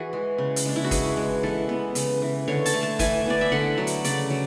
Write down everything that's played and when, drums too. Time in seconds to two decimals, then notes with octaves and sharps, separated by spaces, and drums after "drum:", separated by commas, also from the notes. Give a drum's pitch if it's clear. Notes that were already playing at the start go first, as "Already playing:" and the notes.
Already playing: E3 F#4 G#4
0.13 G#3
0.38 C#3
0.56 drum: hi-hat
0.65 G#3 D4
0.76 E4
0.84 F#4
0.91 E3 G#4, drum: kick, hi-hat
1.17 G#3
1.43 E3 A4
1.69 B3
1.95 C#3, drum: hi-hat
2.22 E3
2.48 D3 C#5
2.66 A5, drum: hi-hat
2.74 A3
2.83 A5
2.99 E3 G#5, drum: kick, hi-hat
3.26 B3 D5
3.41 E5
3.52 D3 F#5
3.78 F#3
3.87 drum: hi-hat
4.04 C#3 D5, drum: hi-hat
4.30 F#3